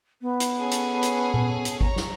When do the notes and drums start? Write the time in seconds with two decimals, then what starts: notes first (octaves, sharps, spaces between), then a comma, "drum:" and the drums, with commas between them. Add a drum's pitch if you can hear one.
0.21 B3
0.40 drum: hi-hat
0.59 C#4 G#4 A4
0.71 drum: hi-hat
1.03 drum: hi-hat
1.34 drum: tom A#2
1.65 drum: hi-hat
1.81 C#5 A#5, drum: kick G#1
1.96 drum: snare